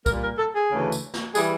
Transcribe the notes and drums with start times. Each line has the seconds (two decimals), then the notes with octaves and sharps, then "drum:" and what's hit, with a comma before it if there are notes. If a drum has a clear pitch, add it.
0.06 A#2 G3 A#3 A#4, drum: kick, tambourine
0.23 A#4
0.38 A4
0.55 G#4
0.71 D2 C#3 E3 A3
0.92 drum: tambourine
1.14 drum: snare
1.35 E3 G3 G#4, drum: tambourine